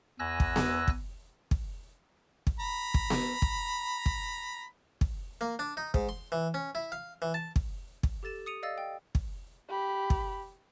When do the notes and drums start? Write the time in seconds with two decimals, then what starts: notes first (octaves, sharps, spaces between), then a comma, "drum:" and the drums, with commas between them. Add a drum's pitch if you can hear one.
0.19 E2 G#5 E6 F#6 A#6
0.40 drum: kick
0.56 drum: snare B3
0.88 drum: kick
1.51 drum: kick
2.47 drum: kick
2.59 A#5 B5
2.94 drum: kick
3.10 drum: snare B3
3.42 drum: kick
4.06 drum: kick
5.01 drum: kick
5.41 A#3
5.59 D4
5.77 D#4
5.94 G#2, drum: kick
6.09 C6
6.32 E3
6.54 C#4
6.75 E4
6.92 F5
7.22 E3
7.34 A5
7.56 drum: kick
8.03 drum: kick
8.23 G4 A4 A6 E7
8.46 D#6 C#7 D#7 F7
8.63 D5 D#5 F5 E6 A6
8.78 G5
9.15 drum: kick
9.68 G4 B5
10.10 drum: kick